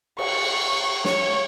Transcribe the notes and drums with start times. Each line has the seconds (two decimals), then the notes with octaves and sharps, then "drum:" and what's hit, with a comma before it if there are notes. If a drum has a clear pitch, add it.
0.19 C#6, drum: cymbal
1.05 C#5 C#6, drum: snare